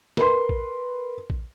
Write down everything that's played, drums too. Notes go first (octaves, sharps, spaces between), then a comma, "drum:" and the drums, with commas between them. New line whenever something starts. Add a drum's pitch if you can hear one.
A#4 B4 C6, drum: snare
drum: kick A#1
drum: kick A#1